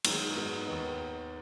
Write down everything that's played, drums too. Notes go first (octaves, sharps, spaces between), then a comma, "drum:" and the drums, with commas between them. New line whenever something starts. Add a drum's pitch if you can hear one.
F#2 D#3 G#3 B3 D#4, drum: cymbal
G#2 F#3 B3 D#4
D#2 D#3 B3 D#4